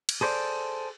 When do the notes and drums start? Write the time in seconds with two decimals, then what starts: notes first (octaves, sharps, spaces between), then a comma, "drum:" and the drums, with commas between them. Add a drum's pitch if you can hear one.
0.09 drum: cymbal
0.21 G#4 A4 C5 D5